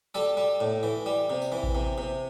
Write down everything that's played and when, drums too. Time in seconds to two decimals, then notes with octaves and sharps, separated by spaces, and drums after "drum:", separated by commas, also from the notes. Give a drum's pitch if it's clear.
0.15 G3 A4
0.37 G3
0.60 A2
0.83 E3
1.06 G3
1.30 C3
1.42 drum: tambourine
1.52 E3
1.63 drum: kick A1
1.75 C3
1.98 C3